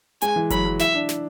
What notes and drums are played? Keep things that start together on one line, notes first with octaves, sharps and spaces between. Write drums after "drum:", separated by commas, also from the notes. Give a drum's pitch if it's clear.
G#3 G#5, drum: hi-hat
E3
F#3 B5, drum: kick F#1, hi-hat
F#3
E4 E5, drum: snare
D4
drum: snare